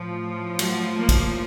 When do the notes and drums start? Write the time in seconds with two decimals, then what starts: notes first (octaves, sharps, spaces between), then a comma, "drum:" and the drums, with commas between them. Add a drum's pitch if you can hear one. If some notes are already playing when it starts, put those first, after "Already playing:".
Already playing: A2 F3
0.59 F#3, drum: cymbal
0.97 A#3
1.09 drum: kick, cymbal